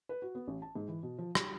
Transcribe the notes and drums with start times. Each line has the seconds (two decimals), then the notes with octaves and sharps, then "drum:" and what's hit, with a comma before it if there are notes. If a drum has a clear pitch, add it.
0.09 B4
0.22 F#4
0.35 B3
0.48 A1
0.62 A5
0.75 G#2
0.88 E3
1.03 B2
1.18 F3
1.35 G3, drum: rim click